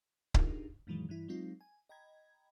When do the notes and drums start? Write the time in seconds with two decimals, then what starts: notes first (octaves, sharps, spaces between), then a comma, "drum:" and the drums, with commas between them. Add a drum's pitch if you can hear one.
0.34 D4 D#4 F4 G4 G#4 A#4, drum: kick C#1
0.87 F#2 A#2 D#3 E3 F#3 G#3
1.09 G2 E3 E4
1.28 F#3 G#3 C4 D#4 F4
1.61 G#5
1.89 D#5 G5 A#5 B5 G#6